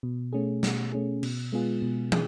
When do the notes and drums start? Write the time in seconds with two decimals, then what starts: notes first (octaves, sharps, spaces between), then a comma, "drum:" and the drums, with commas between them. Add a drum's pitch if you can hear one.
0.03 B2
0.33 A3 C#4 G#4
0.63 B2, drum: snare
0.92 A3 C#4 G#4
1.23 B2, drum: cymbal
1.52 G#3 B3 F4 G#4
1.82 B2
2.12 G#4, drum: tom